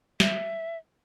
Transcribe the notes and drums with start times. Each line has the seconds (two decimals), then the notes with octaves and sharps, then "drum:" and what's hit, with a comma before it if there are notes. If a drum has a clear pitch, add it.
0.20 E5, drum: snare